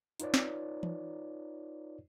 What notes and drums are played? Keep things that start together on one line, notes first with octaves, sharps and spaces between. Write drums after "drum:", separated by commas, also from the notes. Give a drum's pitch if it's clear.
D#4 F4 B4 C#5 D5, drum: hi-hat
drum: snare
drum: tom E3